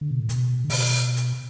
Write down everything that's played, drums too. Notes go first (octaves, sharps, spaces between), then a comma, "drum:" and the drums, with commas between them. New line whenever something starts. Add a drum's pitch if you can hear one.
D3
B2
A2
B2, drum: hi-hat
D3
B2, drum: open hi-hat
drum: hi-hat